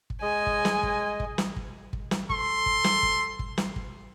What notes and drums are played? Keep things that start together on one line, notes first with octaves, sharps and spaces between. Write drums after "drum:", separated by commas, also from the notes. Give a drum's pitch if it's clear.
drum: kick
G#3 D#5 G#5
drum: kick
drum: snare
drum: kick
drum: kick
drum: snare
drum: kick
drum: kick
drum: snare
A4 C6, drum: kick
drum: kick
drum: snare
drum: kick
drum: kick
drum: snare
drum: kick